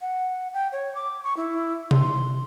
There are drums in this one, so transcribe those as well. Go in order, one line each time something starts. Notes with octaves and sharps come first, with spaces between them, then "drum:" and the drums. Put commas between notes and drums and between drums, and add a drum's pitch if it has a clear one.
F#5
G5
C#5
D6
C#6
E4
C6, drum: tom C3